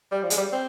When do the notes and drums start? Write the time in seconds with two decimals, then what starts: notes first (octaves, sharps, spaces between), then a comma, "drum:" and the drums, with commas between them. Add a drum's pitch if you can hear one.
0.12 G3
0.23 F3
0.30 G#3, drum: hi-hat
0.37 G3
0.53 C4